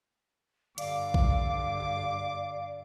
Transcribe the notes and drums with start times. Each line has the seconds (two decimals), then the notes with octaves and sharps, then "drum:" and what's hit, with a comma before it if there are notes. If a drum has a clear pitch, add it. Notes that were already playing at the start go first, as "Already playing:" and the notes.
0.78 G2 D3 D5 F5 D6, drum: hi-hat
1.14 drum: kick A#1